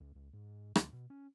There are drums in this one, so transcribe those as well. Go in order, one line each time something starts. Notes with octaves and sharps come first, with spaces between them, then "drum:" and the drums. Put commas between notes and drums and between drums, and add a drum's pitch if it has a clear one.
C#2
C#2
G#2
D2, drum: rim click
B2
C#4